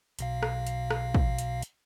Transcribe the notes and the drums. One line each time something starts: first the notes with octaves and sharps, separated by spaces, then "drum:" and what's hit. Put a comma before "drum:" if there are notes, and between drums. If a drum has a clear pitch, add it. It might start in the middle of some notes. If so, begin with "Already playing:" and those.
B1 B2 F5, drum: hi-hat
drum: rim click
drum: hi-hat
drum: rim click
drum: kick
drum: hi-hat
drum: hi-hat